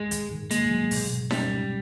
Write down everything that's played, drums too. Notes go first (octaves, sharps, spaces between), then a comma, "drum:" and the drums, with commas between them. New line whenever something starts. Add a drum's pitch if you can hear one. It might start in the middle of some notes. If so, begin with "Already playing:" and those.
Already playing: G#3
D#3, drum: hi-hat
D#3
G#3 A#3, drum: hi-hat
F#3
B2, drum: open hi-hat
B2
G3 C#4, drum: snare D#4
G#3